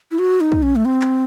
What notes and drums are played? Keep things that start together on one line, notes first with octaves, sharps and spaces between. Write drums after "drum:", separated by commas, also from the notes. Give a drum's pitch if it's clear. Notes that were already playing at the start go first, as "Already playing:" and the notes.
E4
F#4
D#4
drum: kick
C#4
A3
C4
drum: clap